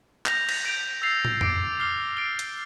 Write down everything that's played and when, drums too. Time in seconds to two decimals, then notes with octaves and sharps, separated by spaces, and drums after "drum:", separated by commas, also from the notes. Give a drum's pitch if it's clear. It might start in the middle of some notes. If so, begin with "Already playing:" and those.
0.26 G6 A#6 F7, drum: clap
0.49 drum: cymbal
0.65 G6 D7 F7
1.02 E6 A6 C7 F7
1.25 drum: tom
1.41 D6 A6 D7, drum: tom F2
1.80 D6 F6 C7 G7
2.17 E6 A6 D7 G7
2.39 drum: hi-hat